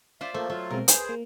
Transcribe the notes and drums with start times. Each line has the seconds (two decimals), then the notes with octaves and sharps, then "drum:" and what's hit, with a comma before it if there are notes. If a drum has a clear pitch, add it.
0.21 F4 C5 D5 E5
0.34 F3 A3 A#3 C5
0.50 F#3 A3 F4
0.70 B2 G#3 C4 A#4
0.88 G#4 B4 C5 G#5, drum: hi-hat
1.09 A#3